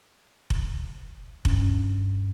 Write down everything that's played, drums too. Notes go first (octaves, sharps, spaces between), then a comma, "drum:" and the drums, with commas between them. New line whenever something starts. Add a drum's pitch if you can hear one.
drum: kick F1
G2 C#4, drum: kick F1